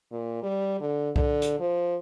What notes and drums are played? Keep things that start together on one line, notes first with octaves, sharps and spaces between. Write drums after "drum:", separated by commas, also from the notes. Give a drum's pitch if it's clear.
A#2
G3
D3
D3, drum: kick C2
drum: hi-hat
F3